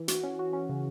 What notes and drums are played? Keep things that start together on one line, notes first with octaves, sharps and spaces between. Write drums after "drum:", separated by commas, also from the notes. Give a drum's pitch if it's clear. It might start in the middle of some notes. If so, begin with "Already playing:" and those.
Already playing: E3
F#4, drum: hi-hat
C#4
F#4
C#4
C#3